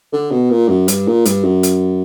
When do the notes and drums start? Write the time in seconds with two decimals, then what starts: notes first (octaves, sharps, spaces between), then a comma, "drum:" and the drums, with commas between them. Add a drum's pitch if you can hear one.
0.12 D3
0.31 B2
0.50 A#2
0.69 F#2
0.88 G2, drum: hi-hat
1.07 A#2
1.26 G2, drum: hi-hat
1.44 F#2
1.63 drum: hi-hat